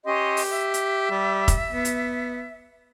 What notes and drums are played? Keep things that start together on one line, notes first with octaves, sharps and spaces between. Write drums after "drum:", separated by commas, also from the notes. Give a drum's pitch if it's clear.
C#4 G4 D#5 C6
drum: open hi-hat
E5
drum: hi-hat
G3
drum: kick F1, hi-hat
B3
drum: hi-hat